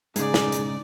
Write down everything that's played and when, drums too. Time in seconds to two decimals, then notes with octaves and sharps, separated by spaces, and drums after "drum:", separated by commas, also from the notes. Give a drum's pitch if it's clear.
0.16 G#2 C#3 D#4 G#4 D5, drum: hi-hat
0.34 drum: snare
0.52 drum: hi-hat